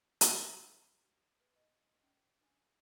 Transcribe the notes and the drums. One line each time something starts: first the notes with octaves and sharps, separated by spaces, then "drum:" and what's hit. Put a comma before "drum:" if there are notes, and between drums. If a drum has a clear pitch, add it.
drum: hi-hat
A#4
C6
F#4
F#4
B4
D#5
C#4
D4